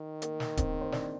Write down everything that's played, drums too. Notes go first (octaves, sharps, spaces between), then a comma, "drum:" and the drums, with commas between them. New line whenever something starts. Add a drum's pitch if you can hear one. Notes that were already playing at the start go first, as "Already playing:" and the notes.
Already playing: D#3
A#3 A#4, drum: hi-hat
drum: snare
C4 C5, drum: kick D1, hi-hat
C5
D4 D5, drum: snare